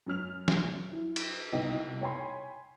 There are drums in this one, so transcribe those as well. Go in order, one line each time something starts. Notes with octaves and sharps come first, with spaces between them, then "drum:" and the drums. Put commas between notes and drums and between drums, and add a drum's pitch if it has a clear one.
F#2 C#4 F6 F7
drum: snare
E4
drum: cymbal
C2 B2 D#4 D#5 G5
C#5 G5 G#5 B5 C6